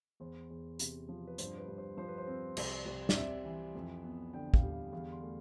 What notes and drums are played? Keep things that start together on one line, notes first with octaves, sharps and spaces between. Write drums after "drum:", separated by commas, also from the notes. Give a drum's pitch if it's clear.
E2 C5
E2
C3, drum: hi-hat
F3
B4
G2 C5, drum: hi-hat
B4
G2
C5
F3 C5
B4
C5
C4
C2, drum: cymbal
C2
D5, drum: snare
C3 E5
E3
F2
B3
D3 G5
F5, drum: kick
G3
F5
E2 F5
C6
A3